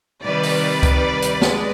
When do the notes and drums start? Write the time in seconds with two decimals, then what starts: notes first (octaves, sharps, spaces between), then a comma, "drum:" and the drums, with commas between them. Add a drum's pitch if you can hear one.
0.23 C3 D#3 G3 B4 D5
0.43 drum: open hi-hat
0.83 drum: kick C#2, hi-hat
1.22 drum: hi-hat
1.42 G#3, drum: snare